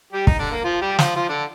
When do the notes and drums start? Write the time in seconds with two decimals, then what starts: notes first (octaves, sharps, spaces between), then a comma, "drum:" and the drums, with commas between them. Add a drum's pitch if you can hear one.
0.13 G3 G4
0.27 D#4, drum: kick
0.39 D3 D4
0.51 A#3
0.64 F3 F4
0.81 G3 G4
0.99 F3 F4, drum: snare
1.16 F3 F4
1.29 D3 D4